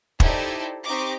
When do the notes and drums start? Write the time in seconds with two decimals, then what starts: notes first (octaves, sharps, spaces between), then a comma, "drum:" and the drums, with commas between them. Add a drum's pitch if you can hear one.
0.20 D#4 E4 G4 A4 C5 D5, drum: kick
0.85 C4 D#4 G4 D#5 C#6 D6